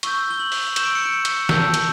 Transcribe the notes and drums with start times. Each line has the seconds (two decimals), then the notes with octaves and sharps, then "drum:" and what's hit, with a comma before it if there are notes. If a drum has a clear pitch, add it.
0.03 C#6 E6 G6, drum: hi-hat
0.30 G7
0.39 F#7
0.52 drum: open hi-hat
0.76 C#6 E6 G6 E7, drum: hi-hat
0.85 D7
0.95 C#7
1.05 D7
1.25 drum: hi-hat
1.49 A5 E6 G6, drum: snare
1.74 drum: hi-hat